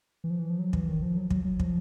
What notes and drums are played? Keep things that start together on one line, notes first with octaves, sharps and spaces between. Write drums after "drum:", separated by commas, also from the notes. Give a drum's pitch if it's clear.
E3
F3
E3
F3
F#3
E3, drum: kick
D#3
F3
F#3
F#3, drum: kick
F#3
F3, drum: kick